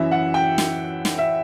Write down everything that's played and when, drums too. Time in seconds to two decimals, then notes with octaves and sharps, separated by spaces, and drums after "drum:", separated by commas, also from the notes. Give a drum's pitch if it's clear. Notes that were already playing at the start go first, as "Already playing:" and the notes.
Already playing: F#2 E3 E5
0.11 F#5
0.34 G5
0.58 drum: snare
1.05 drum: snare
1.18 E5